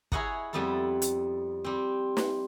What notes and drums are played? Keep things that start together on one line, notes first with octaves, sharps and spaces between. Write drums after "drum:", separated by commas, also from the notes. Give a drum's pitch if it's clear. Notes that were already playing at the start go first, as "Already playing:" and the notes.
E4 G#4 C#5 D#5 F#5 A#5, drum: kick
F2 G3 B3 E4 A4
drum: hi-hat
G3 C4
drum: snare